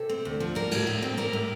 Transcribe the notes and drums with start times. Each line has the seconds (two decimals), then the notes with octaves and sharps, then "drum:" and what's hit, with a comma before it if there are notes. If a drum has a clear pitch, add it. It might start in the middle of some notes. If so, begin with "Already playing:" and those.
Already playing: C3 A4
0.09 C4
0.25 D2
0.40 F3
0.55 G3 A#4
0.71 A2, drum: cymbal
0.87 A2
1.02 C4
1.17 G3 A#4
1.33 A2